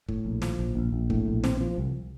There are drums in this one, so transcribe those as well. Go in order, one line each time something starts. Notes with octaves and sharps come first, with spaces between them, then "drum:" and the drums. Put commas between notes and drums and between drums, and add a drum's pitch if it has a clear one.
A2, drum: kick
A#1
F3, drum: snare
A#1
A#1
A#1
A2, drum: kick
A#1
C4, drum: snare
F3
C2